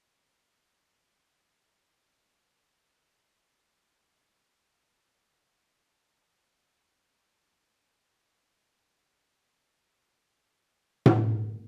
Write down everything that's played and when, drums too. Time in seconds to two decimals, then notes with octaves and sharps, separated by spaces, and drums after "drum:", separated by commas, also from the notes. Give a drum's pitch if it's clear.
0.10 B2
1.38 C#3
2.02 C#3
3.92 A#2
4.55 G#2
7.09 F#2
9.00 A#2
9.64 G#3
9.94 E3
10.27 C#3
11.06 drum: tom A2